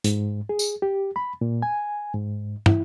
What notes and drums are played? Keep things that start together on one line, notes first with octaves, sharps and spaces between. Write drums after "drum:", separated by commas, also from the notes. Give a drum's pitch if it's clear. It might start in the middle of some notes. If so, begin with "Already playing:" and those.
G#2, drum: hi-hat
G#4
drum: tambourine
G4
B5
A#2
G#5
G#2
E4, drum: tom